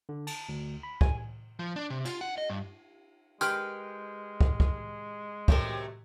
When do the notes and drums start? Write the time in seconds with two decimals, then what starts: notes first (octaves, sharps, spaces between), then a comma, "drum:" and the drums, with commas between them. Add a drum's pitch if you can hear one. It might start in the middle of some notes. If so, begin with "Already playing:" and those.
0.09 D3
0.27 A5, drum: cymbal
0.49 D2
0.83 B5
1.01 G#5, drum: kick
1.59 F3
1.76 D4
1.90 C3
2.05 F4, drum: cymbal
2.21 F#5
2.38 D#5
2.50 G2
3.41 G#3 G4 A#4 B4 G5 C6 F6, drum: tambourine
4.41 drum: kick
4.60 drum: kick
5.48 C3 F#3 A3 G4 A4 A#4, drum: kick